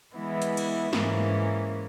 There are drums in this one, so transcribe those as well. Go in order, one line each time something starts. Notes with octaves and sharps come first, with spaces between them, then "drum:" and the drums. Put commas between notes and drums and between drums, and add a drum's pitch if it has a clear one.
E3 G#3 B3 E4
drum: hi-hat
drum: cymbal
G#2 E3 A#3 C#4, drum: snare